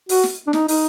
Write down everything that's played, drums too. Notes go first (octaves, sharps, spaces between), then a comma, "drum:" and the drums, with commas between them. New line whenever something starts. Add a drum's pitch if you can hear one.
F#4, drum: open hi-hat
drum: snare
D4
D#4, drum: snare
D#4, drum: open hi-hat